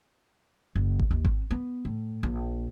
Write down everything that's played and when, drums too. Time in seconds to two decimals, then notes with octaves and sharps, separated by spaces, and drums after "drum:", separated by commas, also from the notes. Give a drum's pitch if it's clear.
0.75 F#1
0.99 drum: kick G#1
1.11 D#2
1.25 C4, drum: kick G#1
1.51 B3
1.85 A2
2.23 A#1